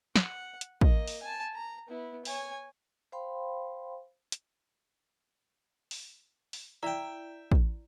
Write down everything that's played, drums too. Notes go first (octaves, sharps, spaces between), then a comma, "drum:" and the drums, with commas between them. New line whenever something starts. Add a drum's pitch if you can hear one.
F#5, drum: snare
drum: hi-hat
A#3 D#5, drum: kick
drum: open hi-hat
G#5 A5
A#5
B3 E4
C#5 G#5, drum: open hi-hat
C5 F5 G5 B5 C6
drum: hi-hat
drum: open hi-hat
drum: open hi-hat
E4 D5 E5 G5 A#5
drum: kick